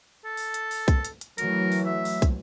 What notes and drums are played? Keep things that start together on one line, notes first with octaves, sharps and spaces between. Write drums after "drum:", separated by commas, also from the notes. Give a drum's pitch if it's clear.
A4
drum: open hi-hat
drum: hi-hat
drum: open hi-hat
drum: kick, hi-hat
drum: hi-hat
drum: hi-hat
E3 F#3 A3 A#4, drum: hi-hat
drum: open hi-hat
E5
drum: open hi-hat
drum: kick, hi-hat